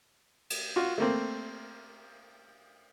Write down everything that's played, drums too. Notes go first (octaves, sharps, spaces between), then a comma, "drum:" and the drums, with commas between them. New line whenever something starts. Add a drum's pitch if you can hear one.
drum: cymbal
F4 F#4
A3 A#3 C4